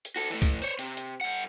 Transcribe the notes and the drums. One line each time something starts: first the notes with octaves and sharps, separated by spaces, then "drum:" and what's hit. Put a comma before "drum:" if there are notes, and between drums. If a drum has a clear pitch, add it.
drum: hi-hat
F#4 A4
E3 A3
drum: kick, hi-hat
C5 C#5
C3, drum: hi-hat
drum: hi-hat
G2 F#5